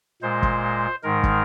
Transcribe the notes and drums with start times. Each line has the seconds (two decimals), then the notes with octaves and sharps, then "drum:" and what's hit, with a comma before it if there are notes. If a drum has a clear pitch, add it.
0.22 A#2 G#3 C5
0.43 drum: kick
1.03 G#2 D#3 G#3 A#4
1.23 drum: kick